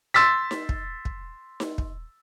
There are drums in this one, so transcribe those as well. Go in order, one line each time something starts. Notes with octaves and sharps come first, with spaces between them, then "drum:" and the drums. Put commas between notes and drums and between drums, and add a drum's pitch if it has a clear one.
C6 E6 A6 B6
drum: snare D#4
drum: kick
drum: kick
drum: snare D#4
drum: kick